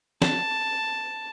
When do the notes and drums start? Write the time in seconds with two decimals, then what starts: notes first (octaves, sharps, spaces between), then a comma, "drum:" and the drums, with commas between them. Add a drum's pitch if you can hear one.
0.22 A5, drum: snare